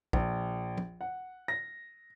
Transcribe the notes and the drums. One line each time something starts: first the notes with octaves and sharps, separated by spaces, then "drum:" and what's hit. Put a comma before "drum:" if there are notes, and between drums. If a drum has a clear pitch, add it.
A#1, drum: kick
drum: tom F3
F#5
A#6